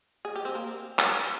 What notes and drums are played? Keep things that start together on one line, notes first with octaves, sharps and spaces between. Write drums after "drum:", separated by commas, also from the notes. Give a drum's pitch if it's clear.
G#4
G4
C4
A#3
drum: clap